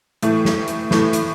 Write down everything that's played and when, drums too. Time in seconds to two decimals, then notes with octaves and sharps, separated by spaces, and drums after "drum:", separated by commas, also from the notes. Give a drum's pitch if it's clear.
0.23 A2 E3 A3, drum: hi-hat
0.45 drum: snare
0.68 drum: hi-hat
0.91 A2 E3 A3, drum: snare
1.13 drum: hi-hat